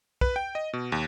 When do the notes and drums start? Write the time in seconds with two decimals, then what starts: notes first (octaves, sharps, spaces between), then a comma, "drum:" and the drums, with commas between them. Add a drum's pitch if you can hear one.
0.21 B4, drum: kick
0.36 G5
0.55 D#5
0.73 B2
0.92 D#2